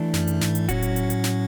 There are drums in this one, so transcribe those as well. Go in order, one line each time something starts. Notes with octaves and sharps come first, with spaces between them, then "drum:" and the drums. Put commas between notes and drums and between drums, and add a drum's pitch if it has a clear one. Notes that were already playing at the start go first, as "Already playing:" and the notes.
Already playing: E3 A3 D4
F#2, drum: snare
drum: hi-hat
G#2, drum: snare
drum: hi-hat
A2 F#3 C#4 F#4, drum: kick E1, hi-hat
drum: hi-hat
drum: hi-hat
drum: hi-hat
drum: snare